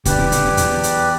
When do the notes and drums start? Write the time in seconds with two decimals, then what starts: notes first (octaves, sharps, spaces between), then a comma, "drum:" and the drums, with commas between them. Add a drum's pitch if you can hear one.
0.05 B2 D3 G4 B4 D5, drum: kick, hi-hat
0.18 C3 E3
0.32 B2 D3, drum: hi-hat
0.45 F2
0.57 E2, drum: hi-hat
0.83 drum: hi-hat